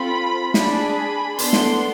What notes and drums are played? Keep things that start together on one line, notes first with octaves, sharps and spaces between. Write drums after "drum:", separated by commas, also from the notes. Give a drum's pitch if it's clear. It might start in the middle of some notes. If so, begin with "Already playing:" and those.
Already playing: C4 F4 A4 B5
D4 G#4 B5, drum: snare
B5
B3 D4 A4 C6, drum: hi-hat
drum: snare